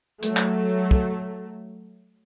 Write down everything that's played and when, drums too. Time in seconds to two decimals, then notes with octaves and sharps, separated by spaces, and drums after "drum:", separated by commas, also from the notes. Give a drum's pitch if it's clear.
0.22 F#3 A3, drum: hi-hat
0.37 drum: clap
0.91 drum: kick